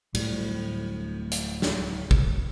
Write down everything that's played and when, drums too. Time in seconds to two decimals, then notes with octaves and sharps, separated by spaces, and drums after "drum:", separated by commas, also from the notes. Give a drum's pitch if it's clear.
0.15 D1 A2 G3, drum: cymbal
1.31 drum: hi-hat
1.62 drum: snare
2.11 drum: kick